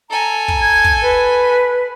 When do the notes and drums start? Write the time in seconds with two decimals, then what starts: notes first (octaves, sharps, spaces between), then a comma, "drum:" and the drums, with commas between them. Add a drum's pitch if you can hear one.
0.10 A4 G#5 A#5
0.48 drum: kick
0.60 G#6
0.84 drum: kick
1.03 B4